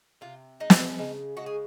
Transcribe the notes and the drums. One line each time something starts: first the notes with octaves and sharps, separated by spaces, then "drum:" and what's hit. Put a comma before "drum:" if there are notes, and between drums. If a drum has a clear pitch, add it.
C3 F4
G#3 D#4
drum: snare
C#4
C#3 D#4
G#3 F#4
G#4